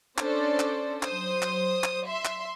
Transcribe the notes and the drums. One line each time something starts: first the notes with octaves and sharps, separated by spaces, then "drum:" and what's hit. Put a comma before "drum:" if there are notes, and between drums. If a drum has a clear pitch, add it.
C#4 D4 A4 C5 D5, drum: clap
drum: clap
F#3 C5 D#6, drum: clap
drum: clap
drum: clap
E5 C6
drum: clap